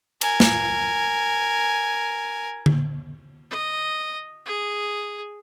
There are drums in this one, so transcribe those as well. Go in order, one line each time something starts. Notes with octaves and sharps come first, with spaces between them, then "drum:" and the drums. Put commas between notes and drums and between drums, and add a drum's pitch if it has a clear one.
A#4 G#5, drum: cymbal
drum: snare
drum: tom D3
D#5
G#4